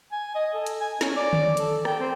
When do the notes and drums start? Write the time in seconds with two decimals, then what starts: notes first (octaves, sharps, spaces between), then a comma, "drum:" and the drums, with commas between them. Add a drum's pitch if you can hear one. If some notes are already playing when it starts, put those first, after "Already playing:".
0.12 G#5
0.35 D#5
0.54 A4
0.66 drum: hi-hat
0.80 G#5
1.01 C#4, drum: snare
1.16 D5
1.33 drum: tom D3
1.57 A4, drum: hi-hat
1.85 G5, drum: rim click
2.00 C4